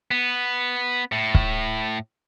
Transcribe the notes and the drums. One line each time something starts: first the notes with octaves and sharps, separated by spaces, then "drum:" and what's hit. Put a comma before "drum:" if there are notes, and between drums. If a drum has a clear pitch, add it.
B3
A2
drum: kick